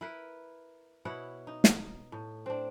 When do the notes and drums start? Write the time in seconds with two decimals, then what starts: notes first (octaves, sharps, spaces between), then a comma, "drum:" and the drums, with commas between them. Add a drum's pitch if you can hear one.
0.01 E4 A#4 B4
1.05 B2 E4 C#5 F#5
1.47 D#4
1.64 drum: snare
2.12 A2
2.46 C4 D4